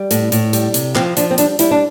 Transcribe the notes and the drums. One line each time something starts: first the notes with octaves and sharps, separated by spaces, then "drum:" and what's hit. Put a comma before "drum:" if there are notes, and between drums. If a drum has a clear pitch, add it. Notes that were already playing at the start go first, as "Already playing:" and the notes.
Already playing: G3
A2, drum: hi-hat
A2, drum: hi-hat
G3, drum: hi-hat
C3, drum: hi-hat
F3 C4, drum: clap
F3 D4, drum: hi-hat
C4
G3 D4, drum: hi-hat
G3 E4, drum: hi-hat
D4